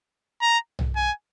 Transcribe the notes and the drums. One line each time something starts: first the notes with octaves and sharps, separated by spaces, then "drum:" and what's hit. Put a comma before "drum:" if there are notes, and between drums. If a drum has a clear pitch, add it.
A#5
drum: tom
G#5